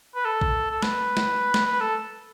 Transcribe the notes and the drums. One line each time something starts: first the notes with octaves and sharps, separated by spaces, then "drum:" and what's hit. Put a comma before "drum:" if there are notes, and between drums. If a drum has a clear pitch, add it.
B4
A4
drum: kick
A4
B4, drum: snare
drum: snare
drum: snare
B4
A4